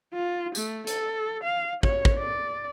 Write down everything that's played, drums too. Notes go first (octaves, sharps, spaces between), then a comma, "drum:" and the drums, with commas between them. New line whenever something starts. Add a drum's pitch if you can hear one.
F4
A3, drum: tambourine
A4, drum: hi-hat
F5
C#5, drum: kick
drum: kick
D5